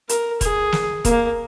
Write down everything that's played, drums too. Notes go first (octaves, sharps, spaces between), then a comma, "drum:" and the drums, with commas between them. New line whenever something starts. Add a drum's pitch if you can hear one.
A#4, drum: hi-hat
G#4, drum: kick E1, hi-hat
drum: snare
A#3, drum: kick E1, hi-hat